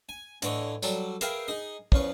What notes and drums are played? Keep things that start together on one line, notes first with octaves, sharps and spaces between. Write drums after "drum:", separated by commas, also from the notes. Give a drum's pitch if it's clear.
G#5
A2 D3 E3 C#5 D#5, drum: hi-hat
F#3 G3 A4, drum: tambourine
G#4 A#4 B4 E5 F5 G5, drum: hi-hat
D#4 G#4 D#5
E2 F3 C#4 B4, drum: kick